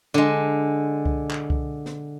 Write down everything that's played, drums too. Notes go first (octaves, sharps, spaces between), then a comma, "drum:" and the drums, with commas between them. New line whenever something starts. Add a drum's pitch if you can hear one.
D3 G#3
drum: kick C2
drum: clap
drum: kick C2
drum: snare